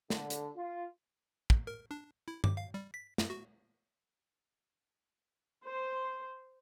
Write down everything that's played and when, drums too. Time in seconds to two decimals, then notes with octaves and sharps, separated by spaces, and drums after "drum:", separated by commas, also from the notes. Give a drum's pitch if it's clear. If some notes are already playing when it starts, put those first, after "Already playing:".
0.10 D3, drum: snare
0.30 drum: hi-hat
0.57 F4
1.50 drum: kick
1.67 A#4
1.91 D4
2.28 E4
2.44 D6, drum: tom G2
2.57 F5
2.74 G3
2.94 B6
3.18 F#2, drum: snare
3.30 F#4
5.64 C5